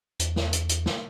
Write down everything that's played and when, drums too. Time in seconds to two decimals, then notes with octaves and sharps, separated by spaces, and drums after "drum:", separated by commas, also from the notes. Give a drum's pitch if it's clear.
0.20 E2, drum: hi-hat
0.36 drum: snare
0.53 drum: hi-hat
0.69 drum: hi-hat
0.86 drum: snare